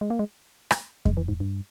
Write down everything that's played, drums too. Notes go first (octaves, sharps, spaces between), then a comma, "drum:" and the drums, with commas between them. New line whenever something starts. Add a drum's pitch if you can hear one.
G#3
A#3
G#3
drum: rim click
G#3, drum: kick F2
E3
G#2
G2